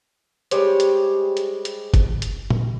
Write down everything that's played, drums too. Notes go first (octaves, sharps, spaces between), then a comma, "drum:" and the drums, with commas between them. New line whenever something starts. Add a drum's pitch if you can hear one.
G3 G#3 C5 C#5, drum: hi-hat
drum: hi-hat
drum: hi-hat
drum: hi-hat
drum: kick F#1, hi-hat
drum: hi-hat
drum: tom A#2